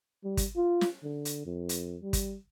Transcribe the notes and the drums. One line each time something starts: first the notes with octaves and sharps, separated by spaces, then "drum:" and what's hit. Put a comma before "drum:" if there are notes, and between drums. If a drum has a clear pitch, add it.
G3
drum: kick, hi-hat
F4
drum: snare
D3
drum: hi-hat
F2
drum: hi-hat
G3
drum: kick, hi-hat